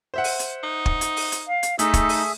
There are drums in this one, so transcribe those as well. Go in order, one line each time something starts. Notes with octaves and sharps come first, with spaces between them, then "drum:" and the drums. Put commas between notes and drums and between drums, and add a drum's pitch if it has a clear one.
C5 E5 F#5
drum: open hi-hat
drum: hi-hat
D#4
drum: kick
drum: hi-hat
drum: open hi-hat
drum: hi-hat
F5
drum: hi-hat
A3 D#4 G#4 A4 E5, drum: hi-hat
drum: kick, hi-hat
drum: open hi-hat